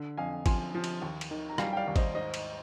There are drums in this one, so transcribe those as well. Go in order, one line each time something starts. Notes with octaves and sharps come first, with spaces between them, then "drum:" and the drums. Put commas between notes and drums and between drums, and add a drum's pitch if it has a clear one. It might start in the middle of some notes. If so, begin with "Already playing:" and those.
Already playing: D3
F2 F5 G#5
F3 G#5 C6, drum: kick, cymbal
F3
drum: cymbal
D#2
drum: cymbal
D#3
A#5
G3 F5 G#5, drum: rim click
G5
D5 F5
D#2
C5 D#5, drum: kick, cymbal
G#2 C5 D#5
drum: cymbal